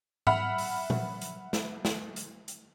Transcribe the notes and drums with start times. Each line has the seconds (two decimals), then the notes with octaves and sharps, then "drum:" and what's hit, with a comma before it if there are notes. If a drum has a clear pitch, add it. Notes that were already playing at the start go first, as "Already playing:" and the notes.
0.27 E5 F#5 B5 F6, drum: tom G#2
0.58 drum: open hi-hat
0.90 drum: tom A#2
1.21 drum: hi-hat
1.53 drum: snare
1.85 drum: snare
2.16 drum: hi-hat
2.48 drum: hi-hat